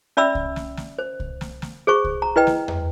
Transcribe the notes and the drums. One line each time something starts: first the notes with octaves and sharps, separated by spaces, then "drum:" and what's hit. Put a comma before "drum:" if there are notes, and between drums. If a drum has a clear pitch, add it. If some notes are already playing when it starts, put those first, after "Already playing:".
C#4 D5 E5 B5 E6
drum: kick C2
drum: snare
drum: snare
C5
drum: kick C2
drum: snare
drum: snare
G#4 C5 C#6
drum: kick C2
A#5
E4 B4 D#5 G5
drum: snare
drum: tom E2